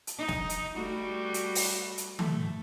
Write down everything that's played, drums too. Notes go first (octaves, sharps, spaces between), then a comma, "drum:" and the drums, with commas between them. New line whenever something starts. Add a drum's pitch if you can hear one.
drum: hi-hat
D#4
drum: snare
drum: hi-hat
G3 A3 F#4
drum: hi-hat
drum: open hi-hat
drum: hi-hat
A3, drum: tom D#3